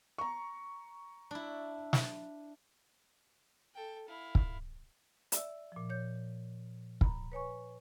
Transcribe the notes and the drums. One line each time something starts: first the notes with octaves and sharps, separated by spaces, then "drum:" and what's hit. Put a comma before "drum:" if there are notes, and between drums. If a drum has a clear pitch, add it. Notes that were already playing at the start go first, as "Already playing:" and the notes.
A#5 C#6
D4 E4
drum: snare
A4 G5
E4 F5
drum: kick
D5 E5 E6, drum: hi-hat
A#2 F3
C#5 G6
A#5 B5, drum: kick
B4 C#5 G#5 C#6